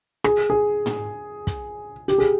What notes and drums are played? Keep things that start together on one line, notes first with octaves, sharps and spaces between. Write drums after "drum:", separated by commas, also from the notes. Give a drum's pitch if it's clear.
G#4, drum: rim click
G#4
drum: tom
drum: kick, hi-hat
G4, drum: hi-hat
G#4